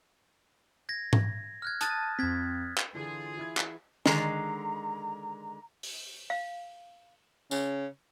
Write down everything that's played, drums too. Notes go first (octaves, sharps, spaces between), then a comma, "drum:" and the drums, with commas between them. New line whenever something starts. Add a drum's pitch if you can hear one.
G#6 A#6
drum: tom G#2
F6 F#6 G#6
A5 D#6 F#6 A6 D#7, drum: hi-hat
F2 C4 G#6 B6
drum: clap
D3 E3 F4 G#4
E3 E4 G#6
drum: clap
D3 D#3 G#3 A#5, drum: snare
drum: open hi-hat
F5
C#3, drum: tambourine